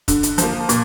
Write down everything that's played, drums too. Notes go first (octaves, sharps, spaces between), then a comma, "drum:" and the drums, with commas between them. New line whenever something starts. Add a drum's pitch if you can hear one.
D3, drum: kick, hi-hat
drum: hi-hat
F3 A#3, drum: hi-hat
A#2, drum: hi-hat